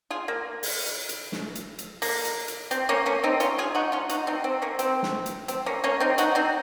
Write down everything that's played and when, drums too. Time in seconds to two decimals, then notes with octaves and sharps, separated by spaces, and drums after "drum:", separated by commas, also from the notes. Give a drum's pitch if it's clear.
0.10 F4 G#4
0.28 A#3
0.63 drum: open hi-hat
0.86 drum: hi-hat
1.09 drum: hi-hat
1.32 drum: snare
1.55 drum: hi-hat
1.78 drum: hi-hat
2.02 A#3, drum: open hi-hat
2.25 drum: hi-hat
2.48 drum: hi-hat
2.71 C4, drum: hi-hat
2.89 A#3 C#4
3.06 A#3 C#4
3.24 C4 D#4
3.40 C#4 F4, drum: hi-hat
3.58 F4 G#4
3.75 D#4 F#4
3.92 C#4 F4
4.09 D#4 F#4, drum: hi-hat
4.27 C4 D#4
4.44 C4
4.62 A#3 C#4
4.79 C4, drum: hi-hat
5.03 drum: snare
5.26 drum: hi-hat
5.48 C4, drum: hi-hat
5.66 A#3 C#4
5.84 A#3 C#4
6.00 C4 D#4
6.18 D#4 F#4, drum: hi-hat
6.35 C4 D#4